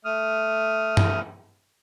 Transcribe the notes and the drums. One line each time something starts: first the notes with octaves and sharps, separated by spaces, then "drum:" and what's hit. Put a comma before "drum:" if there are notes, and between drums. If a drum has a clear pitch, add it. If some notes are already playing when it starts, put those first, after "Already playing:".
A3 D#6 F6
drum: tom